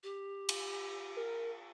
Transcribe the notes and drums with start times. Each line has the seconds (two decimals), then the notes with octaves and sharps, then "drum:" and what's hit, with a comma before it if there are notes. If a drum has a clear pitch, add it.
0.03 G4
0.49 drum: cymbal
1.16 A#4